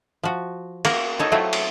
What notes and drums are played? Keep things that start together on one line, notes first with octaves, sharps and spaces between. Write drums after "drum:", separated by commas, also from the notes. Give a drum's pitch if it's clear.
F3 F#4
A#3 F#4 A#4, drum: cymbal
D#4 A4 C#5
F#3 A3 C4 E4 F4
drum: cymbal